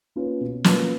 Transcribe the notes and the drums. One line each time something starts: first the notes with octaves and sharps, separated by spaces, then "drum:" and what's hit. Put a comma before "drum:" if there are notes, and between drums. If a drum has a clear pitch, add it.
A#3 C#4 F4 B4
B2
A#3 C#4 F4 B4, drum: snare